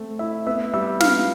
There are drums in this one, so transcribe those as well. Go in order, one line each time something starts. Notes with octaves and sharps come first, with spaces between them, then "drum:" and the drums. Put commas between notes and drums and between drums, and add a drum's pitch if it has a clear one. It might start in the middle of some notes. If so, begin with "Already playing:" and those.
Already playing: A3 C4
E4 E5
B3 E5
G3 E5
F4 F5, drum: snare